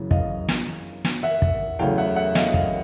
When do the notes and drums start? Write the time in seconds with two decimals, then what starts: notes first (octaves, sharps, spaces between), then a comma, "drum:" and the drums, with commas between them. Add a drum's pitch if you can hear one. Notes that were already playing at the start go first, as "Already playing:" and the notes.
Already playing: F#2 C#3 E3
0.11 D#5 F5, drum: kick
0.48 drum: snare
1.04 drum: snare
1.23 E5 F#5
1.42 drum: kick
1.79 E2 C#3 F#3 A3 F5 G5
1.98 E5 F#5
2.16 E5 F#5
2.35 D#5 F5, drum: snare
2.54 D#5 F5, drum: kick